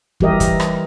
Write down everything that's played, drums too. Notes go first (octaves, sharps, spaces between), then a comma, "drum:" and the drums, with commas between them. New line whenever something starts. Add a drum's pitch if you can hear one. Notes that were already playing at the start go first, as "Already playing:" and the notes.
E3 G3 G4 A#4 D#5 E5, drum: kick
drum: kick, hi-hat
drum: rim click